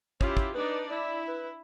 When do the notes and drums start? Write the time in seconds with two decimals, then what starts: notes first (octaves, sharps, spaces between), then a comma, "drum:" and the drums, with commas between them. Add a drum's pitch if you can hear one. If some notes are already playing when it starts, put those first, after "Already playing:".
0.21 C#4 E4 F4 G4, drum: kick
0.37 drum: kick
0.55 D4 D#4 B4 D5
0.90 E4 D5
1.28 B4